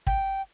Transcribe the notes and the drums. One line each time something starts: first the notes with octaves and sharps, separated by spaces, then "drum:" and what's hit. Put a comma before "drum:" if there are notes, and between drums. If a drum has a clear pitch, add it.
G5, drum: kick